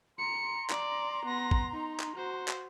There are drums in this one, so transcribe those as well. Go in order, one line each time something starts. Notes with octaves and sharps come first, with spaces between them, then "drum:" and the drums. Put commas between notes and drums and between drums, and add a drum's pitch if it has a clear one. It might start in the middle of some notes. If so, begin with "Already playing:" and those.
A#5 C6 C#7
D5, drum: clap
B3 A#6
drum: kick
D#4
drum: clap
F#4 C5
drum: clap